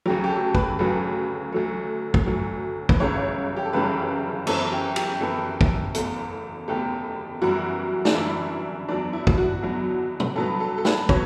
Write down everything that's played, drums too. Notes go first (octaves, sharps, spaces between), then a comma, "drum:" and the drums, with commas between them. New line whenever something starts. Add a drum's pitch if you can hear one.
D2 C#3 F#3 G4
G4
A4
B4, drum: kick
D2 C#3 F#3
D2 D3 F#3 A3
drum: kick
D2 D3 F#3 A3
B4, drum: kick
G1 F#2 C#3 E3 G3 C#5
G4
A4
G1 F#2 C#3 E3 G3 B4
F#2 E3 B3 A4, drum: cymbal
G4
G4, drum: cymbal
F#2 E3 B3 A4
drum: kick
F#1 E2 B2 A3, drum: hi-hat
F#1 E2 B2 A3 G4
F#2 E3 G3 F#4
D4, drum: snare
F#2 E3 G3 E4
E2 B2 F#3 D4
E4
drum: kick
F#4
E2 B2 F#3
drum: tom A#2
G2 F#3 B3 A4
A4
A4
B4, drum: snare
F#3 B3 C#5, drum: kick